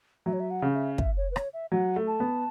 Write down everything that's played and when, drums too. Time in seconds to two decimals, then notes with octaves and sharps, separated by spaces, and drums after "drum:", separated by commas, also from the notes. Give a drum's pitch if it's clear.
0.26 F#3 E5
0.33 C#5
0.40 E5
0.51 F#5
0.62 C#3
0.74 E5
0.98 E5, drum: kick
1.17 C#5
1.31 B4
1.36 C#5, drum: rim click
1.53 E5
1.72 F#3 F#5
1.96 A3
2.07 A5
2.20 B3